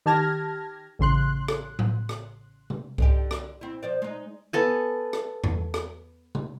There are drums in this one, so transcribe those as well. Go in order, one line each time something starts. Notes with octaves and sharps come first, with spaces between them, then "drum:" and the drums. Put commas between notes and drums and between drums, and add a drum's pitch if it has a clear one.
D#3 G4 A5 F6 G#6 A#6
A1 C#3 C6 F#6
drum: rim click
drum: tom A2
drum: rim click
drum: tom C3
D3 D#4 G4, drum: kick C2
drum: rim click
C4 E4
F3 C5 D5
G#3 D#4
B3 A4 G#5
drum: rim click
drum: tom E2
drum: rim click
drum: tom C3